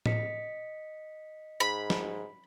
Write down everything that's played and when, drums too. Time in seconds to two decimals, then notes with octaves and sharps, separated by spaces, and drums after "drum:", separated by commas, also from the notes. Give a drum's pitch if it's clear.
0.06 D#5 B6 C#7, drum: tom A2
1.60 G#2 B5
1.90 drum: snare